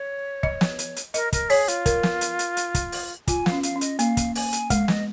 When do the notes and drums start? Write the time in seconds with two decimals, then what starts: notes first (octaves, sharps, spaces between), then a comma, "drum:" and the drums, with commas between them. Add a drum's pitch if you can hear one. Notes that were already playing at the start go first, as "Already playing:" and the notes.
Already playing: C#5
0.43 D#5, drum: kick
0.61 drum: snare
0.79 drum: hi-hat
0.96 drum: hi-hat
1.14 A#4 D#5, drum: hi-hat
1.33 A#4, drum: kick, hi-hat
1.50 G#4 C#5, drum: open hi-hat
1.68 F4, drum: hi-hat
1.86 A#4, drum: kick, hi-hat
2.03 drum: snare
2.21 drum: hi-hat
2.39 drum: hi-hat
2.57 drum: hi-hat
2.75 drum: kick, hi-hat
2.92 drum: open hi-hat
3.27 F4 G#5, drum: kick, hi-hat
3.46 F5, drum: snare
3.52 C#4
3.63 F5, drum: hi-hat
3.76 C#4
3.81 D#5, drum: hi-hat
3.99 A#3 F5, drum: hi-hat
4.17 drum: kick, hi-hat
4.35 G#5, drum: open hi-hat
4.53 drum: hi-hat
4.70 G#3 F5, drum: kick, hi-hat
4.88 D#5, drum: snare